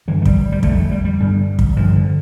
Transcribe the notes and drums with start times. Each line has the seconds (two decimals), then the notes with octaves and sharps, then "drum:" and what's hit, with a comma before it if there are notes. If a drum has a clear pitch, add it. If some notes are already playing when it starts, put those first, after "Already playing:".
0.08 G2 D3 E3
0.22 A3
0.25 G3, drum: kick
0.52 G3
0.63 F2 D3 A3, drum: kick
0.78 A3
0.91 G3
1.05 G3
1.20 G2 D3
1.59 drum: kick
1.76 G2 D3 F3
1.95 D3